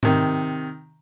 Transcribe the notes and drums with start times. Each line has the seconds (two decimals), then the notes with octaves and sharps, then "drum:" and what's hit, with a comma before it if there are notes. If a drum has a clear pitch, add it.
0.03 C3 D#3, drum: tom G#2